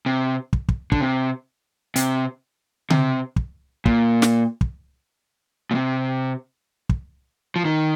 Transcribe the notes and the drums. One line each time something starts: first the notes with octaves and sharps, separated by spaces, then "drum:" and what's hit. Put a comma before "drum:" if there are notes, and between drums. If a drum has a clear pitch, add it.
C3
drum: kick
drum: kick
D3, drum: kick
C3
C3, drum: hi-hat
C3, drum: tom C#3
drum: kick
A#2, drum: kick
drum: snare
drum: kick
A#2
C3
drum: kick
F3
D#3